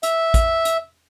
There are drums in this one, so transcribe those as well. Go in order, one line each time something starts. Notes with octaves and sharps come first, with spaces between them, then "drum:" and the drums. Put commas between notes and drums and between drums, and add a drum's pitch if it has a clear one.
E5, drum: hi-hat
drum: kick, hi-hat
drum: hi-hat